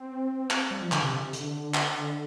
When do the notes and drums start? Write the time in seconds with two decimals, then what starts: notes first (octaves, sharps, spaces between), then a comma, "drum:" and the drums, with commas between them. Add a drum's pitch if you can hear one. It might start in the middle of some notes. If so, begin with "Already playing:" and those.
Already playing: C4
0.51 drum: clap
0.71 G3
0.82 F3
0.92 D3, drum: clap
1.02 C3
1.13 C3
1.33 D3, drum: hi-hat
1.74 drum: clap